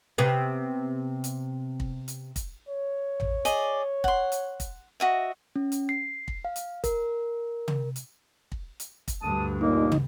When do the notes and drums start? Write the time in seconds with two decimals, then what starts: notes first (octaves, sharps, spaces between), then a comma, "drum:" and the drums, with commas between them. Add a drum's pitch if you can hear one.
0.18 C3 B3 C4
1.24 drum: hi-hat
1.80 drum: kick
2.08 drum: hi-hat
2.36 drum: kick, hi-hat
2.69 C#5
3.20 drum: tom A1
3.45 G#4 D5 D#5, drum: hi-hat
4.04 F#5 C6, drum: kick
4.32 drum: hi-hat
4.60 drum: kick, hi-hat
5.00 F#4 D#5 E5
5.56 C#4
5.72 drum: hi-hat
5.89 C7
6.28 drum: kick
6.45 F5
6.56 drum: hi-hat
6.84 A#4, drum: kick, hi-hat
7.68 drum: tom
7.96 drum: hi-hat
8.52 drum: kick
8.80 drum: hi-hat
9.08 drum: kick, hi-hat
9.22 D2 G2 A5 D#6
9.61 D#2 A#2 A#3 D#4
9.92 drum: tom